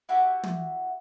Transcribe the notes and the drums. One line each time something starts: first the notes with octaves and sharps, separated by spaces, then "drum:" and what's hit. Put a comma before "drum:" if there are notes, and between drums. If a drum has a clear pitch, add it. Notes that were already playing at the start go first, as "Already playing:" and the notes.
E4 F#4 G4 E5
drum: tom